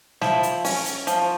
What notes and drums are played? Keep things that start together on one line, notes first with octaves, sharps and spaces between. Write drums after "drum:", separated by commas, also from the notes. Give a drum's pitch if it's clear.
F3 E4, drum: snare
drum: hi-hat
C#4, drum: open hi-hat
drum: hi-hat
F3, drum: hi-hat